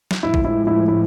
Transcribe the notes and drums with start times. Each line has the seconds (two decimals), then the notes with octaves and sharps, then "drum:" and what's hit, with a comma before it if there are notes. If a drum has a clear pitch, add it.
0.11 drum: snare
0.23 A2 F3 G#3 E4
0.34 drum: kick A1
0.44 E4
0.67 E4
0.88 E4